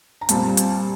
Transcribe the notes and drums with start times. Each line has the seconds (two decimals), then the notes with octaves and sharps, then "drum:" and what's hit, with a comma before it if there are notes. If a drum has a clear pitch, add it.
0.21 A#5
0.29 A#2 G3 C4 A5, drum: hi-hat
0.57 drum: hi-hat